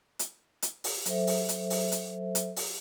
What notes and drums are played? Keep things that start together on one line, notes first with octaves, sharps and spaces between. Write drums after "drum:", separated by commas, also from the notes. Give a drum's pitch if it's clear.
drum: hi-hat
drum: hi-hat
drum: open hi-hat
F#3 A4 C5 E5, drum: hi-hat
drum: open hi-hat
drum: hi-hat
drum: open hi-hat
drum: hi-hat
drum: hi-hat
drum: open hi-hat